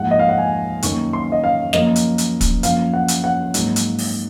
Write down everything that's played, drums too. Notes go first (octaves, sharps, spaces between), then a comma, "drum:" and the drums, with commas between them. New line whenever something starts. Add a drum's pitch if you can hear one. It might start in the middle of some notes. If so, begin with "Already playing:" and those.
Already playing: G#2 F3 A#3 F#5
D#5
F5
F#5
G#5
F#2 D#3 A#3 C#6, drum: hi-hat
C6
D#5
F5
F#2 F3 A#3 D#5, drum: snare
drum: hi-hat
drum: hi-hat
drum: kick, hi-hat
F#2 F3 A#3 F5, drum: hi-hat
F#5
drum: hi-hat
F#5
G#2 F#3 A#3, drum: hi-hat
drum: hi-hat
drum: open hi-hat